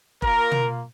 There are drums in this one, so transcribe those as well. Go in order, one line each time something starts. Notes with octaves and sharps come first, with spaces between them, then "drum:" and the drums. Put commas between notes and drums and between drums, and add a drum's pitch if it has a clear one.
A#3 F4 A#4, drum: kick F1
drum: tom